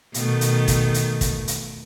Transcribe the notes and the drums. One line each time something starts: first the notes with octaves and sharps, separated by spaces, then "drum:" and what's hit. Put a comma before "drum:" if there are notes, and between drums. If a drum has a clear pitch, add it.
B2 D#3 A3, drum: hi-hat
drum: hi-hat
drum: kick, hi-hat
drum: hi-hat
drum: kick, hi-hat
drum: hi-hat